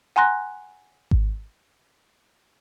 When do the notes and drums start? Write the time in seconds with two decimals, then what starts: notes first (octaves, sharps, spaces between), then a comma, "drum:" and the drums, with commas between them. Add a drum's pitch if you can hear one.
0.16 F#5 G#5 A#5 C6 F#6 A#6
1.11 drum: kick G#1